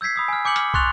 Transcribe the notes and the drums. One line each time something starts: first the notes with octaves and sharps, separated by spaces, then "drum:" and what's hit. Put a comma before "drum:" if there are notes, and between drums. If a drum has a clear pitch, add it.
E6 G6 G#6 B6 C7
B5 D#6 E6
G#5 F6
G#5 D6 G6 C#7 F#7
F6, drum: hi-hat
C6 C#6 F#6 A6 F7, drum: kick